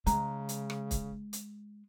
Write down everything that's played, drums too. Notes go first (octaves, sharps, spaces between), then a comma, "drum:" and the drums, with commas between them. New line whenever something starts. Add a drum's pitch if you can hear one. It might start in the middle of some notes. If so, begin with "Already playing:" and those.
C#3 G#3 A#5, drum: hi-hat
drum: hi-hat
drum: rim click
drum: kick C#1, hi-hat
drum: hi-hat